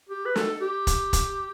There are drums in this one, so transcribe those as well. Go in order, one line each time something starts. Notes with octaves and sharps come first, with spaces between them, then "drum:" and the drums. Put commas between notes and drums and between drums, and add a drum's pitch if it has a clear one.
G4
B4
A4, drum: snare
G4
drum: kick, hi-hat
drum: kick, hi-hat